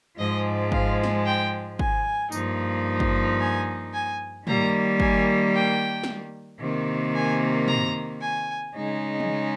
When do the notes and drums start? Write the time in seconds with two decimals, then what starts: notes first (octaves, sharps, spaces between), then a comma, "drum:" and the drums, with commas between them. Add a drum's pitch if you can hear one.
0.18 G#2 F3 G#3 D#5
0.72 F5, drum: kick
1.03 drum: snare
1.25 G5
1.79 G#5, drum: kick
2.32 G2 F3 A#3 D#4, drum: tambourine
3.00 drum: kick
3.39 G#5
3.93 G#5
4.47 D#3 G3 A#3 A#5, drum: tom
5.00 G#5, drum: kick
5.54 G5
6.04 drum: snare
6.60 C3 D#3 A#3
7.14 G#5
7.68 A#5, drum: tom
8.21 G#5
8.75 C#3 G#3 D#4
9.20 drum: tom